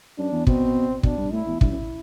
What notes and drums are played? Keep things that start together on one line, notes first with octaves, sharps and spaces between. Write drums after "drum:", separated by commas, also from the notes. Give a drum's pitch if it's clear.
F#2 D4
E2
B2 C4, drum: kick
B2 D4, drum: kick
G2
A2 E4
E2
G2 E4, drum: kick
F#2